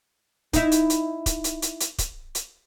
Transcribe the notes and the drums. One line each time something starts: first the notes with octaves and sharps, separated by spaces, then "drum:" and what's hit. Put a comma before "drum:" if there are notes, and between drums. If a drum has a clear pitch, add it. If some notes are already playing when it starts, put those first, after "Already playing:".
D#4 E4, drum: kick, hi-hat
drum: hi-hat
drum: hi-hat
drum: kick, hi-hat
drum: hi-hat
drum: hi-hat
drum: hi-hat
drum: kick, hi-hat
drum: hi-hat